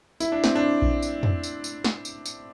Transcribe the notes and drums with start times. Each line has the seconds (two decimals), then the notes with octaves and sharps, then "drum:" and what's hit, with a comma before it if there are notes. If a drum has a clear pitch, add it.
0.20 E4, drum: tambourine
0.32 D4
0.44 C4, drum: snare
0.55 D4
0.82 drum: kick A#1
1.02 drum: tambourine
1.23 drum: tom
1.43 drum: tambourine
1.64 drum: tambourine
1.84 drum: snare
2.05 drum: tambourine
2.25 drum: tambourine